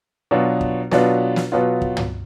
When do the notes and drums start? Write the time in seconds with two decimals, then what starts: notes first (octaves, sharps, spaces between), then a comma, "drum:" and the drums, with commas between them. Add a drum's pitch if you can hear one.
0.31 B2 F#3 B3 D4 F4
0.61 drum: kick
0.91 B2 F#3 B3 D4 F4, drum: snare
1.36 drum: snare
1.52 B2 F#3 B3 F4
1.82 drum: kick
1.97 drum: tom